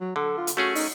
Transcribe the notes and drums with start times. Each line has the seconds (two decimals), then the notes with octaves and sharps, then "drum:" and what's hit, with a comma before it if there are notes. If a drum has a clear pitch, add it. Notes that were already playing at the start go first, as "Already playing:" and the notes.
0.01 F#3
0.16 D3 A4
0.37 F4
0.47 drum: hi-hat
0.57 A3 C#4 F#4 G#4
0.75 D#4, drum: open hi-hat